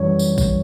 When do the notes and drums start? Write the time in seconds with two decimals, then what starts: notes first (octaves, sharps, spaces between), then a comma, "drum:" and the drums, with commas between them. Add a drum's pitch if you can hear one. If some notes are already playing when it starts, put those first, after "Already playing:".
Already playing: F#2 E3 G3 C#5
0.19 drum: tambourine
0.38 drum: kick, tambourine